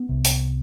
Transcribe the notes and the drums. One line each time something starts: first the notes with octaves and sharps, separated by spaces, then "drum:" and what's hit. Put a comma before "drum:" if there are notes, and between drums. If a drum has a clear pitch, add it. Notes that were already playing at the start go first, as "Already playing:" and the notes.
Already playing: B3
C2 C3
drum: hi-hat